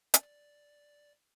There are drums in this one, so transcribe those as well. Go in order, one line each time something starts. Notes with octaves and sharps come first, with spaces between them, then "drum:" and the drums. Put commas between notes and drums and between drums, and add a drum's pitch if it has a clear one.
D5, drum: hi-hat